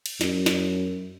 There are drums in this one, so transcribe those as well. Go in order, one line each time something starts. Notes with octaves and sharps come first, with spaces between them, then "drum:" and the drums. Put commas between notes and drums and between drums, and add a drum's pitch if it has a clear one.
drum: cymbal
F#2, drum: snare
drum: snare